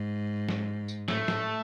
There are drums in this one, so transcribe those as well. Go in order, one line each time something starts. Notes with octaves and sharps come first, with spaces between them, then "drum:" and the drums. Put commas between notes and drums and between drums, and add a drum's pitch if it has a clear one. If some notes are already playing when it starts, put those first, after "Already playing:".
Already playing: G#2
drum: snare
drum: tambourine
A2 A3, drum: snare
drum: snare